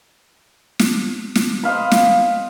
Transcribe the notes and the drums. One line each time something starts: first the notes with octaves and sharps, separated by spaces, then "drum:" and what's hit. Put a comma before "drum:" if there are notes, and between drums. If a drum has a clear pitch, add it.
drum: snare
drum: snare
C5 D#5 F5 B5
drum: snare